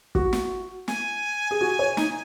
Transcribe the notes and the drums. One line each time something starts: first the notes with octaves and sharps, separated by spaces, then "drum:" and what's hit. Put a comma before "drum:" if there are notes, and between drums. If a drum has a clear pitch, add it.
F#4, drum: kick
drum: snare
G#5, drum: snare
G#4
F#4
C#5
D#4, drum: snare